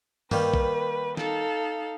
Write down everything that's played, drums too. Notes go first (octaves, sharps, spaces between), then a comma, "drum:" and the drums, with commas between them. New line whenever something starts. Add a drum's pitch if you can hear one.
D#3 G3 A#3 B4, drum: tom
drum: kick
D#4 A4 F5, drum: snare